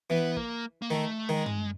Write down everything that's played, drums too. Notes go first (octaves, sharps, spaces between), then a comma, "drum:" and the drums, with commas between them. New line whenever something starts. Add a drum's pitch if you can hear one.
E3 B3
A#3, drum: kick
A#3
D#3 A3
D#3 G#3
drum: tom